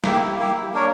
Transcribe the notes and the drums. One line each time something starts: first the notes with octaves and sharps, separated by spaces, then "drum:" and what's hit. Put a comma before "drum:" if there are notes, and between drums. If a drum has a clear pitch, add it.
A#3 E4 G4, drum: snare
A#3 E4 G4
A#3 D4 A#4 C#5